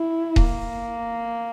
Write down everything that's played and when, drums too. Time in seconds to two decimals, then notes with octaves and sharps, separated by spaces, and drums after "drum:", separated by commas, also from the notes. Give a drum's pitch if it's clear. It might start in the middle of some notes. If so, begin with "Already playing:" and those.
Already playing: E4
0.36 A#3, drum: kick D#1